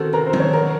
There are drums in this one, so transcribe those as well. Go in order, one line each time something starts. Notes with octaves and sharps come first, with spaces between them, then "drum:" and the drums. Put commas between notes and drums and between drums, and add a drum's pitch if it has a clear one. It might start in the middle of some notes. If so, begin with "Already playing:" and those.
Already playing: D#3 C4 F#4 A4
C3 A#4
C5
D#3, drum: tom F3
C#5
F#3 A#4